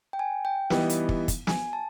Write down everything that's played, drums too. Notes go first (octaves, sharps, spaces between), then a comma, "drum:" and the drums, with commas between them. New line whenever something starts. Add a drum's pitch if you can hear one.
G5
G#5
G5
E3 G3 B3 D#4, drum: snare
drum: hi-hat
drum: kick
drum: kick, hi-hat
G#5, drum: snare
A5